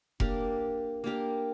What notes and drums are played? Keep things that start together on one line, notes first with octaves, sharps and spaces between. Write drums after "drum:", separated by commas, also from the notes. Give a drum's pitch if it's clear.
A#3 D4 G4 A#4, drum: kick F1
A#3 D4 G4 A#4